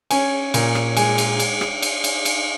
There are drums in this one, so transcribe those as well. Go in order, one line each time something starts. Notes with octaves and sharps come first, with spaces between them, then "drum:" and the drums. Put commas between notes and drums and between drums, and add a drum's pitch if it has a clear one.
C#4 G#5, drum: cymbal
A#2, drum: cymbal
drum: rim click
G#3 G#5, drum: cymbal
drum: cymbal
drum: cymbal
drum: rim click
drum: cymbal
drum: cymbal
drum: cymbal